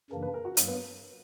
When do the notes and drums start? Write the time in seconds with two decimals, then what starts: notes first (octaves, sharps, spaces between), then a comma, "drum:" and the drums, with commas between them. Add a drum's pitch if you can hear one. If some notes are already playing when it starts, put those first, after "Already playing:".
0.11 F#2 C#3 E3 A#3 D4 A#4
0.22 B4
0.34 A#4
0.45 F#4
0.57 G2 F#3 A#3, drum: hi-hat
0.68 B3